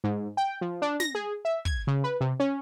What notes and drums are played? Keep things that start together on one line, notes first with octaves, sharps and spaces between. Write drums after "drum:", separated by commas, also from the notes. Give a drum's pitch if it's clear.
G#2
G5
F3
D4
A#6, drum: snare
G#4
E5
G#6, drum: kick
C#3
B4
C3
C#4